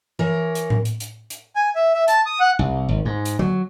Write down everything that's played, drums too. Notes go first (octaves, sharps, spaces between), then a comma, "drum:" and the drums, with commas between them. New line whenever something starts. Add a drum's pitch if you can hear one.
E3 A#4 C#5
drum: hi-hat
drum: tom A2
drum: hi-hat
drum: hi-hat
drum: hi-hat
G#5
E5
E5
A5, drum: hi-hat
D#6
F#5
C2
G#1
G#2
drum: hi-hat
F#3, drum: tom D3